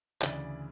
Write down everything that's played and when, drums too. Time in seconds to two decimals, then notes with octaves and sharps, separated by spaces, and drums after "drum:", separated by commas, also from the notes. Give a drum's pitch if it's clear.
0.22 D2 C#3 E3 D5, drum: clap